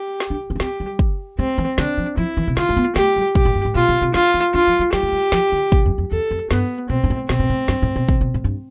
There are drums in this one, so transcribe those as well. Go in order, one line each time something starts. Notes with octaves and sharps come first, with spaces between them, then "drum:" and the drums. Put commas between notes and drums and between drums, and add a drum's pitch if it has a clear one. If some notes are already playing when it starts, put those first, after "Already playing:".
Already playing: G4
drum: snare
D4
B3
D4
C4 G4, drum: snare
G3
drum: kick
G3 C4
E3
D3 D4, drum: snare
F3
F3 E4
E3
C3
D3 F4, drum: snare
A3
B3
A3 G4, drum: snare
G3
B2 G4, drum: kick
A2
G2
A2
B2 F4
B2
C3
D3 F4, drum: snare
E3
D4 F4
F3
G3
G3 G4, drum: snare
A3
G3
F3, drum: snare
D3
C3, drum: kick
F2
F2
E2 A4
F2
G2 B3, drum: snare
B2 C4
G2
A2
B2 C4, drum: snare
B2
A2
G2, drum: snare
A2
B2
C3, drum: kick
B2
A2
G2